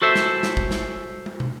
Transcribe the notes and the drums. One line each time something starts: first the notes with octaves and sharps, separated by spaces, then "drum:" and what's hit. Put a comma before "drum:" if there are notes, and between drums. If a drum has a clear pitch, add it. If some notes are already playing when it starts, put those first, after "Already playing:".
F#4 A4 C5 E5
drum: snare
drum: snare
drum: kick
drum: snare
drum: tom
drum: tom